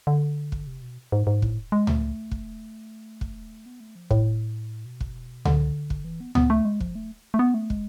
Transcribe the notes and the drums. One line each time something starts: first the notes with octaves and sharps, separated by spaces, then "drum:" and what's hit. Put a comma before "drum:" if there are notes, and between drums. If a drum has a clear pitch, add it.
D3
drum: kick
C3
B2
G#2
G#2
A2, drum: kick
G#3
A3, drum: tom C#2
drum: kick
drum: kick
B3
A3
F3
A2, drum: kick
B2
drum: kick
D3, drum: tom C#2
drum: kick
E3
B3
B3, drum: tom C#2
A3
G#3
F3, drum: kick
A3
A3
B3
A3
G#3, drum: kick